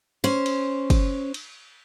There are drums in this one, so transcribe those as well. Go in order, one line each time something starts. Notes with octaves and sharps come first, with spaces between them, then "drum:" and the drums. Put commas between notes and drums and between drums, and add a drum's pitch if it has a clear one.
C#4 C5
drum: cymbal
drum: kick, cymbal
drum: cymbal